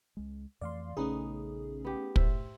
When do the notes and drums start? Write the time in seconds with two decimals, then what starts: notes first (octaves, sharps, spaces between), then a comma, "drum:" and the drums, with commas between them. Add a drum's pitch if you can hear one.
0.17 C#2 G#3
0.61 F2 E3 A3 D5 F5 C6
0.97 A#1 C#3 A3 B3 C#4 D#4 G#4
1.85 B3 G4
2.16 A2 C5 E5, drum: kick